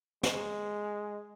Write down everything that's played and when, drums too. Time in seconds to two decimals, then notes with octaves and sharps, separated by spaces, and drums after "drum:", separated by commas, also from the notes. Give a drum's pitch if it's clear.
0.23 G#3, drum: snare